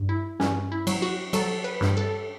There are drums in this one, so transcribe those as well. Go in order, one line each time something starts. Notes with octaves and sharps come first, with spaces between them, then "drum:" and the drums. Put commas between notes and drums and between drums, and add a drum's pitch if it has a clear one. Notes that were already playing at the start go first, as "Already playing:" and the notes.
Already playing: G2
E4
G2 C#4, drum: snare
E4
F#3, drum: cymbal
F#4
F#3 A4, drum: cymbal
B4
G2, drum: snare
A4